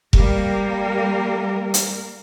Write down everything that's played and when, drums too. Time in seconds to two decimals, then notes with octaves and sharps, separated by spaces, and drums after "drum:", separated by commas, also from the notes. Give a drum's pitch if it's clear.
0.13 G3 A#3 G4 A#4, drum: kick F1
1.74 drum: hi-hat